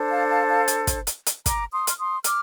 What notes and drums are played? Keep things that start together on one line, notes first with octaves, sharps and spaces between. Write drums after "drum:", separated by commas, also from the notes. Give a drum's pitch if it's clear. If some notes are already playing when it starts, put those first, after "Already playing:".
Already playing: D4 A4 C5
F5 A5
F5 A5
F5 A5
drum: hi-hat
drum: kick, hi-hat
drum: hi-hat
drum: hi-hat
A#5 D6, drum: kick, hi-hat
C6 D#6
F6, drum: hi-hat
C6 D#6
D6 F6, drum: hi-hat